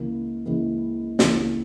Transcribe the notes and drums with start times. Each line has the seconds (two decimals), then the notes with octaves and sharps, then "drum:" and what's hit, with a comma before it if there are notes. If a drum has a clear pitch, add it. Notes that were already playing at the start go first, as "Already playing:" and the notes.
Already playing: C#2 C#3 E3 A#3
0.46 C#2 C#3 E3 A#3
1.19 C#2 C#3 E3 A#3, drum: snare